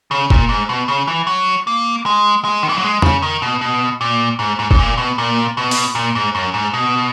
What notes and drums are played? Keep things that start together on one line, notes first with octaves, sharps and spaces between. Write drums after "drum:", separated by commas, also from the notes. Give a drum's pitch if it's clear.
C#3
A#2, drum: kick
G#2
B2
C#3
E3
F#3
A#3
G#3
G#3
D#3
E3
F#3
G#3
C#3, drum: tom F2
D#3
B2
B2
A#2
G#2
G#2
G#2, drum: kick
A#2
B2
A#2
B2
drum: open hi-hat
A#2
G#2
F#2
G#2
B2